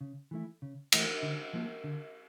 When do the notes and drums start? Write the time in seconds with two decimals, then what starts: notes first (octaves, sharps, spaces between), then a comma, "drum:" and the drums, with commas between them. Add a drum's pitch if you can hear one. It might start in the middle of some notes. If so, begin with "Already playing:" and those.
0.01 C#3
0.31 E3 A3 E4
0.62 C#3
0.92 E3 A3 E4, drum: cymbal
1.22 D3
1.53 F3 A#3
1.84 D3